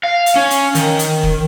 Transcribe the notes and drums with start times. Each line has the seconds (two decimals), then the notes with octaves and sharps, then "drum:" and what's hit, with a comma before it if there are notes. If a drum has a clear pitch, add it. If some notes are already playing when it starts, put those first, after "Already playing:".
0.03 F5
0.26 drum: hi-hat
0.36 C#4
0.50 drum: hi-hat
0.75 D#3, drum: hi-hat
0.99 drum: hi-hat
1.23 drum: kick